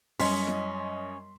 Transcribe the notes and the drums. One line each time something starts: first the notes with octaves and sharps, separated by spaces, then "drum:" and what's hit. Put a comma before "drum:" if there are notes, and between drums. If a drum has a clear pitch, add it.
F#2 G3 C#4 D#5 C6 B6, drum: open hi-hat
drum: snare E4